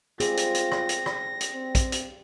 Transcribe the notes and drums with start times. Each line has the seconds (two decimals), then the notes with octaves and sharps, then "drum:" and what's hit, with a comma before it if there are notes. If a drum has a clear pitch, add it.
0.20 G3 C4 F4 G#4 A#6, drum: hi-hat
0.37 drum: hi-hat
0.54 drum: hi-hat
0.72 drum: rim click
0.89 drum: hi-hat
1.06 drum: rim click
1.40 drum: hi-hat
1.54 C4
1.75 drum: kick A#1, hi-hat
1.92 drum: hi-hat